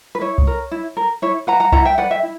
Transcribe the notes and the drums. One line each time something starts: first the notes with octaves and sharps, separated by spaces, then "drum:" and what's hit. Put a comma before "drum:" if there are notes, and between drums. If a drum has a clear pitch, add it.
B4
E4 C#5
drum: kick C2
A#4
E4
A#4
E4 C#5
B4 F#5 A#5
F#5 A#5
E4 F#5 A#5, drum: kick C2
E5 G5
B4 D5 F#5
E5 G5
E4